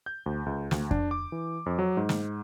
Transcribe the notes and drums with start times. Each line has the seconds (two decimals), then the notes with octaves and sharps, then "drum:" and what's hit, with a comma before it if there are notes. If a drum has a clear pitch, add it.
0.06 G6
0.26 D2
0.46 C#2
0.71 D2, drum: snare
0.91 D4, drum: kick F2
1.11 D6
1.32 E3
1.66 F2
1.79 F#3
1.97 G#2
2.09 drum: snare